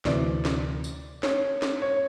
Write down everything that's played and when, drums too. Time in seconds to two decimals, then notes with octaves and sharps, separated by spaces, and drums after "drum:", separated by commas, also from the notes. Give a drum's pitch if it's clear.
0.05 D2 C3 E3 D5, drum: snare
0.45 drum: snare
0.84 drum: tambourine
1.23 C#5, drum: snare
1.62 drum: snare
1.82 C#5